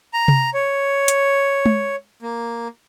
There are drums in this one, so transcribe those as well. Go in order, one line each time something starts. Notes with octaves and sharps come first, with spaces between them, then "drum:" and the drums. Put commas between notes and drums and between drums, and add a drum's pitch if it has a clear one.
A#5
drum: tom C3
C#5
drum: hi-hat
drum: tom G#3
A#3